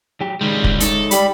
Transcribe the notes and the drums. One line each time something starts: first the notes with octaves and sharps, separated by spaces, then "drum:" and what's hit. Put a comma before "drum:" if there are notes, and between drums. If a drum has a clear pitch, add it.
F#3 G4
C#2 D#3 G3 G#3
drum: kick
G#3 D#4 A4 C#5, drum: hi-hat
G3 B5, drum: hi-hat